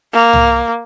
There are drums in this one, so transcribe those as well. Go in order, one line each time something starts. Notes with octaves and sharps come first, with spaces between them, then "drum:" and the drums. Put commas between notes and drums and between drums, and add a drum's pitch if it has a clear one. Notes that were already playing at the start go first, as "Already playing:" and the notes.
A#3
drum: tom